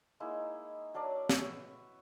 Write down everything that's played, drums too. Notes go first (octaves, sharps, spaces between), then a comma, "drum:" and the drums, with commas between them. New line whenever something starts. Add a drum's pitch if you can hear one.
G#3 A#3 D#4 E4
F#3 D4 A#4 D5
B4 E5 C#6, drum: snare